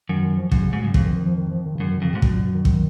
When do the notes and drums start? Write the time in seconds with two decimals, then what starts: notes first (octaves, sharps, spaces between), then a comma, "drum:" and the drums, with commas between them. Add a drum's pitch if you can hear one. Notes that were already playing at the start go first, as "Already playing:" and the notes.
0.09 F#2 D#3
0.23 D#3
0.37 F3
0.52 F#2 C#3, drum: kick
0.62 C#3
0.73 G#2 B2
0.84 F#2 C#3
0.94 F2 C#3, drum: kick
1.05 D#3
1.16 D#3
1.26 F3
1.37 D#3
1.51 F3
1.66 D#3
1.75 C#3
1.80 F#2 D#3
1.91 D#3
2.01 F2 C#3
2.12 B2
2.15 G#2
2.22 F#2 B2, drum: kick
2.33 A#2
2.44 B2
2.54 D#3
2.65 D#3, drum: kick